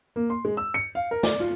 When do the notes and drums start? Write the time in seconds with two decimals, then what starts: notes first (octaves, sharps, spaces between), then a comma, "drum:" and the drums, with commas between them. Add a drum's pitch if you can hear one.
0.16 A#3
0.30 C6
0.45 G#3
0.57 E6
0.74 C#7
0.95 F5
1.11 A#4
1.23 D5, drum: snare
1.40 F4